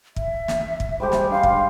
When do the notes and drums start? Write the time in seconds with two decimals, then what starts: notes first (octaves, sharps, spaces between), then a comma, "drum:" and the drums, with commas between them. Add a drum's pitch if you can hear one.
0.16 E5, drum: kick
0.48 drum: snare
0.80 drum: kick
1.00 G3 G#3 G4 C5
1.12 drum: snare
1.30 D4 F5 C6
1.43 drum: kick